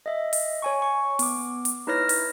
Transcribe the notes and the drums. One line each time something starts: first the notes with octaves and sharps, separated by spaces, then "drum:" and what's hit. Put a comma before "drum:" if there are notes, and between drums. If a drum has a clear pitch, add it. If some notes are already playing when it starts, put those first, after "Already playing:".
D#5 E5
drum: open hi-hat
C#5 G#5 C#6
C#6
B3 D6, drum: open hi-hat
drum: hi-hat
D#4 E4 B4 C#5 F6 A#6
drum: open hi-hat